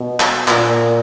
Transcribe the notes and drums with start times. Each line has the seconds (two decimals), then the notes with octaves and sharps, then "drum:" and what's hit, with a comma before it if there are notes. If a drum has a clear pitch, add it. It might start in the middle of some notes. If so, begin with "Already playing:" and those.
Already playing: B2
0.20 drum: clap
0.48 A#2, drum: clap